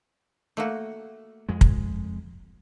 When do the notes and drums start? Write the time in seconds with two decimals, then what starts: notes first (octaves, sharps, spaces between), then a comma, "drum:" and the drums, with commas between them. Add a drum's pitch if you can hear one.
0.57 A3 A#3 F#4
1.49 F2 G#3
1.61 drum: kick